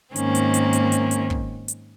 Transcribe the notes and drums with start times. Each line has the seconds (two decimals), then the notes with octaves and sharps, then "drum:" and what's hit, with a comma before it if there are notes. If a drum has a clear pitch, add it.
0.16 G#2 D#3 A#3 C4 C#4, drum: hi-hat
0.35 drum: hi-hat
0.54 drum: hi-hat
0.73 drum: hi-hat
0.92 drum: hi-hat
1.11 drum: hi-hat
1.30 drum: kick
1.68 drum: hi-hat